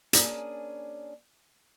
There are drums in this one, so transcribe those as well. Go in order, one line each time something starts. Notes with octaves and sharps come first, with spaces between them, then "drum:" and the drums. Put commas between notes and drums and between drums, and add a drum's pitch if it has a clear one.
A#3 C#4 D4 G#4, drum: hi-hat